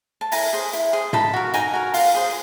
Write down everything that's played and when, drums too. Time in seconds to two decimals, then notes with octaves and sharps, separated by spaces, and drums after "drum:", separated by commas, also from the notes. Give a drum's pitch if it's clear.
0.21 A5
0.32 E4 G#5 A#5, drum: open hi-hat
0.53 G#4 C5
0.73 E4, drum: hi-hat
0.93 G#4 C5
1.13 D#4 A5 B5, drum: tom
1.34 F#4 A#4
1.54 D#4 G#5 A#5, drum: hi-hat
1.73 F#4 A#4
1.94 F4, drum: open hi-hat
2.14 G#4 C5